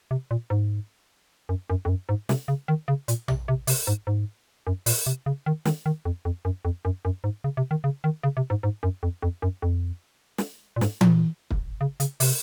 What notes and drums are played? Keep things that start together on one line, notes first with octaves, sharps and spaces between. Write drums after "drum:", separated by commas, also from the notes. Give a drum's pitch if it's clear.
C3
A#2
G#2
F#2
F#2
F2
F#2
G#2
C3, drum: snare
C#3
D#3
C#3
A#2, drum: hi-hat
C3, drum: tom A#1
C3
C3, drum: open hi-hat
G#2
G#2
F#2
A#2, drum: open hi-hat
C3
C#3
D#3
D#3, drum: snare
D#3
F2
F2
F#2
F2
F#2
F#2
G#2
C#3
C3
D#3
C#3
D#3
C#3
C3
G#2
G#2
F#2
F2
F2
F#2
F2
drum: snare
A#2
G#2, drum: snare
A#2, drum: tom E3
drum: kick
C#3
C#3, drum: hi-hat
C3, drum: open hi-hat